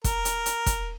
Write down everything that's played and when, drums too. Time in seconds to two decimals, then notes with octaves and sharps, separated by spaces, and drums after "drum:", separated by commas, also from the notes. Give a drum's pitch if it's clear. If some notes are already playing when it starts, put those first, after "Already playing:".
0.04 A#4, drum: kick F1, hi-hat
0.25 drum: hi-hat
0.46 drum: hi-hat
0.66 drum: kick F1, hi-hat